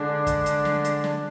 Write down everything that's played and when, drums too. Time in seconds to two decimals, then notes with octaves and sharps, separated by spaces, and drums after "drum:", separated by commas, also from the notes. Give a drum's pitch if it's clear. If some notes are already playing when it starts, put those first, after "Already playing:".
Already playing: D3 G#3 D4
0.27 drum: kick, hi-hat
0.46 drum: hi-hat
0.65 drum: snare
0.84 drum: hi-hat
1.04 drum: snare